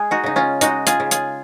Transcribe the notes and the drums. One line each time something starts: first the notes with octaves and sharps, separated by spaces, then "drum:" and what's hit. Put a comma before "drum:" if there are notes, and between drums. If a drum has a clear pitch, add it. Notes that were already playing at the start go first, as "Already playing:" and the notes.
Already playing: G#3 G#4
D#4 F#4
C#3 D#4
C#4 F4
G#3 D#4 F#4, drum: hi-hat
F4 G#4, drum: hi-hat
C#3
F4 G#4, drum: hi-hat